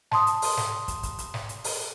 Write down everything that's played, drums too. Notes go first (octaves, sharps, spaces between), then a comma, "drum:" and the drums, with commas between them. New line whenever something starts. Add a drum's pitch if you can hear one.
A5 C6 D#6, drum: snare
drum: hi-hat
drum: open hi-hat
drum: snare
drum: kick, hi-hat
drum: kick, hi-hat
drum: hi-hat
drum: snare
drum: hi-hat
drum: open hi-hat